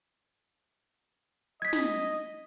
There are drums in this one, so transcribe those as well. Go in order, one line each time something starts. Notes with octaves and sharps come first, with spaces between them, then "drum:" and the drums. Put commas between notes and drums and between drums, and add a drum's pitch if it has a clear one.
D#5 G#6 B6
drum: snare